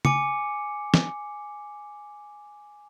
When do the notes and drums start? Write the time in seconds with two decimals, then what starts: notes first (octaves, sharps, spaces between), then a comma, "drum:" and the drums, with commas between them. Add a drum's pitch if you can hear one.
0.05 G#5 D6 C#7, drum: tom
0.94 drum: snare